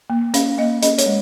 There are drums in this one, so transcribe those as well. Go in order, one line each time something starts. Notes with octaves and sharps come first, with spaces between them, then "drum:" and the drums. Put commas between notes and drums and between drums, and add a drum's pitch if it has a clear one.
A#3
C#4 F5, drum: hi-hat
A#3 D#5
C#4 D#5, drum: hi-hat
C#5, drum: hi-hat
G#3